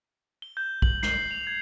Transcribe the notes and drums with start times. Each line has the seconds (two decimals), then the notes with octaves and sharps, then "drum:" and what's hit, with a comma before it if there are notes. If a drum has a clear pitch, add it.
0.42 G7
0.57 G6
0.82 F#7, drum: kick B1
1.03 C7, drum: snare
1.31 F7
1.47 G#6